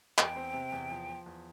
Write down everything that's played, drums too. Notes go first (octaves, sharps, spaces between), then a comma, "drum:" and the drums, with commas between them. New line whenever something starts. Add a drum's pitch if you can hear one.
E2 G5, drum: clap
C4
C3
E2
F3
F3
E2